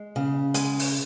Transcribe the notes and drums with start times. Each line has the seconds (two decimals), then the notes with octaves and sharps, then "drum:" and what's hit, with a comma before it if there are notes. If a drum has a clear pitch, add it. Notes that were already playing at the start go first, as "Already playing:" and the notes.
Already playing: G#3
0.16 C#3
0.54 G#3, drum: hi-hat
0.79 drum: open hi-hat